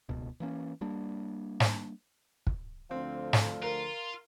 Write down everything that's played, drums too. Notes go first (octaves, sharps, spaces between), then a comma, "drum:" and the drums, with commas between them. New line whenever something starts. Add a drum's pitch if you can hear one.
D1 C#2 B2
E3 A#3 C#4
G3 A#3 D4
drum: snare
drum: kick
D2 D3 F3 C4
drum: snare
F4 A#4